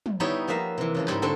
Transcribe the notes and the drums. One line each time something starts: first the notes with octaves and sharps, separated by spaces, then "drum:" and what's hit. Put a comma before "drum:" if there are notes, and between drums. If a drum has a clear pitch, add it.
drum: tom
G3 B3 D#4 E4 C#5
F3 A#3 B4 E5 F5 A#5
C3 E3
C#3 F3 G#3
G#2 G3 E4, drum: clap
D3 C4 F#4 G4 A4